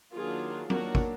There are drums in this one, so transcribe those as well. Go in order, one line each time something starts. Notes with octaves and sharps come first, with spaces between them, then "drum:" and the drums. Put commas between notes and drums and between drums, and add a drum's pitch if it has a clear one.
D#3 F#3 A#3 D4 F4 G#4
D#3 F#3 A#3 D4 F#4 A#4, drum: tom F#3
drum: kick